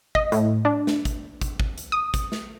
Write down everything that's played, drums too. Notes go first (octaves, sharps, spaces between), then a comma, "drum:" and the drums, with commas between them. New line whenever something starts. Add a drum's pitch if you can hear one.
D#5, drum: kick
A2, drum: hi-hat
D4
drum: snare
drum: kick, hi-hat
drum: kick, hi-hat
drum: kick
drum: hi-hat
D#6
drum: kick, hi-hat
drum: snare